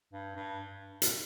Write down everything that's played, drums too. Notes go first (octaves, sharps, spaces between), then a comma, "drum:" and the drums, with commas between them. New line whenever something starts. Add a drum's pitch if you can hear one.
G2
G2
drum: hi-hat